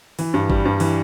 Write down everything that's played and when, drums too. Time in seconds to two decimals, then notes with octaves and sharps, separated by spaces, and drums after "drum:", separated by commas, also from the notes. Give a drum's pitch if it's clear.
0.19 E3, drum: open hi-hat
0.34 G2
0.50 G3, drum: kick G1
0.65 G2
0.80 E3, drum: open hi-hat